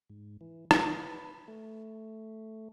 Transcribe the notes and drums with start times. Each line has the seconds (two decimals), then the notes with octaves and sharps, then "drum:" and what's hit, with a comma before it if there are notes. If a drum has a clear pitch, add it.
0.10 G#2
0.41 E3
0.71 D#3, drum: rim click
1.00 B4
1.48 A3